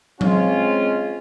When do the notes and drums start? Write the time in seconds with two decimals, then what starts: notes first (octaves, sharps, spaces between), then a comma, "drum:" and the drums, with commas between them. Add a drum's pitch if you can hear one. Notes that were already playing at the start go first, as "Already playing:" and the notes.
0.21 G#3 C4 C#4 F4, drum: tom F#3